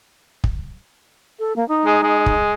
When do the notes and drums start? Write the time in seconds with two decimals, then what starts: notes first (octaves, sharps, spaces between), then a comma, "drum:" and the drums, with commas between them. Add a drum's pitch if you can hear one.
0.44 drum: kick
1.39 A4
1.56 A#3
1.68 D#4
1.86 G#3
2.03 G#3
2.26 drum: kick